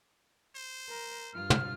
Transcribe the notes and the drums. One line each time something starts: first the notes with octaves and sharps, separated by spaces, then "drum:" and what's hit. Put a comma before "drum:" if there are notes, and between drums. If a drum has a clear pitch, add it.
C5
A#4
G2 F4 F6
drum: tom